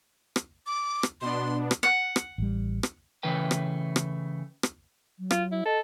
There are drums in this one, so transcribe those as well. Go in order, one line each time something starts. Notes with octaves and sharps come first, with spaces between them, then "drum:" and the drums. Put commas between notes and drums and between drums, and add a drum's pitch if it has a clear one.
drum: rim click
D6
drum: rim click
B2 B3 D4 C6
drum: rim click
F#5
drum: rim click
A1 G3
drum: rim click
C#3 E3 A3 B4 G5
drum: rim click
drum: rim click
drum: rim click
F#3
F4, drum: rim click
E4
A4 D#5